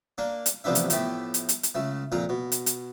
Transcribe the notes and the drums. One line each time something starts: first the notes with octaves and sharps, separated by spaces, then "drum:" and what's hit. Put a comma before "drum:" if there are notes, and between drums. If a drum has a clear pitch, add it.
A#3 D4
drum: hi-hat
A1 C3 F3 B3 D4 E5
drum: hi-hat
A2 F3 A3 B3 G4, drum: hi-hat
drum: hi-hat
drum: hi-hat
drum: hi-hat
C#2 A3
F2 A#2 F4 A#5
B2
drum: hi-hat
drum: hi-hat